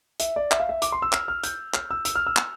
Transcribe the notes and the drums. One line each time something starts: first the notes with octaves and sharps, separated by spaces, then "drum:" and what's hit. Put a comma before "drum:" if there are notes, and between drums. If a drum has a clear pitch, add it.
E5, drum: hi-hat
D5
E5, drum: clap
F5
E5
D6, drum: hi-hat
C6
E6
F6, drum: clap
F6
G6, drum: hi-hat
F6, drum: clap
E6
E6, drum: hi-hat
F6
E6
drum: clap